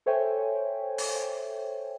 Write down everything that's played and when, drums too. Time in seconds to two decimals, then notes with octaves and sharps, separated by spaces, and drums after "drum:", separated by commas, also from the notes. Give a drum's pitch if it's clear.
0.06 A4 C5 C#5 E5 G5 G#5
0.98 drum: open hi-hat